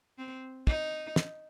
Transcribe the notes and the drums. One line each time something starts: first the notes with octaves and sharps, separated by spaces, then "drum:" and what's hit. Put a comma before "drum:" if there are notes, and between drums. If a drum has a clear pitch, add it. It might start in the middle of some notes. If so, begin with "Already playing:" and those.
C4
D#4, drum: kick
drum: snare